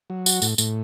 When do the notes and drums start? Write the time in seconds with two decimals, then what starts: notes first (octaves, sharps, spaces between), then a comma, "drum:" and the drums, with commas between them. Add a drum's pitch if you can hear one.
0.10 F#3
0.26 F#4, drum: tambourine
0.42 A2, drum: tambourine
0.58 A2, drum: tambourine